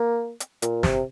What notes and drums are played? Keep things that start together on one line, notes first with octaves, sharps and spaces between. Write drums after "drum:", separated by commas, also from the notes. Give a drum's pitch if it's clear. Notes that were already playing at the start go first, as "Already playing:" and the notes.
Already playing: A#3
drum: hi-hat
A#2, drum: hi-hat
C3, drum: snare